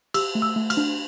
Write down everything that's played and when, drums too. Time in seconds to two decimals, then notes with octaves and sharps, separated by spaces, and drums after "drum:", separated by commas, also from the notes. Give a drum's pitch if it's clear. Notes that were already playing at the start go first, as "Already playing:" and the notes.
0.14 G4 E6, drum: cymbal
0.35 A3
0.42 E6
0.56 A3
0.70 F6, drum: cymbal
0.77 D4